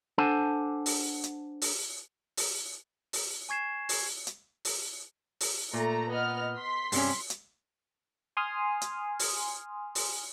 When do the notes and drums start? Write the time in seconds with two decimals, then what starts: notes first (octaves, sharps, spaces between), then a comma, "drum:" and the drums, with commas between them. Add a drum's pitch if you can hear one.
0.18 D4 A4 C5 F#5 G#5 A5
0.86 drum: open hi-hat
1.24 drum: hi-hat
1.62 drum: open hi-hat
2.37 drum: open hi-hat
3.13 drum: open hi-hat
3.49 G#5 C#6 G#6 C7 E7
3.89 drum: open hi-hat
4.27 drum: hi-hat
4.65 drum: open hi-hat
5.40 drum: open hi-hat
5.74 A#2 A3 A#5
6.12 B3 D#5 F6
6.58 C6 B6
6.92 G2 C3 C#4, drum: open hi-hat
7.30 drum: hi-hat
8.37 G#5 C6 D#6 F6
8.82 drum: hi-hat
9.19 drum: open hi-hat
9.95 drum: open hi-hat